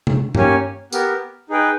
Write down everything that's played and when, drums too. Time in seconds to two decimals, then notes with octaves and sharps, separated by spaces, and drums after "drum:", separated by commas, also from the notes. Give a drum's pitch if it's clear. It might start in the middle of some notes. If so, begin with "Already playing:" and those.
0.07 drum: tom C3
0.35 A#3 C#4 G4 C#5 G#5, drum: tom G2
0.92 B3 G4 A#4, drum: tambourine
1.50 D#4 G#4 B4 G5